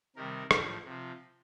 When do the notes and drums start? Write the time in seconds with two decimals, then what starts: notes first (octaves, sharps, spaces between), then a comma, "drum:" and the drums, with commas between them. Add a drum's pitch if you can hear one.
0.16 C3 D#3 G3 A#4
0.51 A2 F3, drum: rim click
0.85 C3 F3